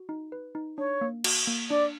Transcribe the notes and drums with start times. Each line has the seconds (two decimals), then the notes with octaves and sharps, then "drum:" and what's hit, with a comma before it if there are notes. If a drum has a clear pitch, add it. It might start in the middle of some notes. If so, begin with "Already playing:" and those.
Already playing: F#4
0.09 D#4
0.32 B4
0.55 D#4
0.78 D4 C#5
1.01 A#3
1.24 F#4, drum: cymbal
1.47 A#3
1.70 D4 D5